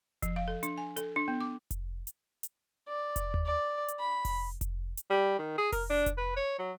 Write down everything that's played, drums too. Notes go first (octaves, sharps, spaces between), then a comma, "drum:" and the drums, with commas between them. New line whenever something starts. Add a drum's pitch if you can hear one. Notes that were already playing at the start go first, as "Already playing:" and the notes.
F3, drum: kick F1, hi-hat
F5
A4
D4, drum: hi-hat
G#5
A4, drum: hi-hat
D4
B3
D6
drum: kick F1, hi-hat
drum: hi-hat
drum: hi-hat
D5
drum: kick F1, hi-hat
drum: tom D#2
D5
drum: hi-hat
B5
drum: kick F1, open hi-hat
drum: kick F1, hi-hat
drum: hi-hat
G3
D#3
G#4
A#4, drum: kick F1, open hi-hat
D4
drum: kick F1, hi-hat
B4
C#5
F#3